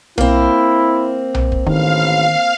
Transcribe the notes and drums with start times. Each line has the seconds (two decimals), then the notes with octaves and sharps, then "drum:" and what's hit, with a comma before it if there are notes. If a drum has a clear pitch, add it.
0.18 A#3 C4 E4, drum: tom B1
1.34 drum: tom B1
1.52 drum: kick
1.67 A1 D#3 F5, drum: kick